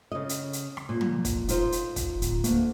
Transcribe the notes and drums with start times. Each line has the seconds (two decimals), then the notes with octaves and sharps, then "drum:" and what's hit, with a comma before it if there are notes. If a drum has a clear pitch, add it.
0.12 C#3 D#5
0.29 drum: hi-hat
0.53 drum: hi-hat
0.77 drum: rim click
0.89 A#2
1.01 drum: tom
1.25 drum: kick, hi-hat
1.48 D#4 F4 C5, drum: hi-hat
1.72 drum: hi-hat
1.96 drum: kick, hi-hat
2.22 D1, drum: hi-hat
2.44 D2 A#3, drum: hi-hat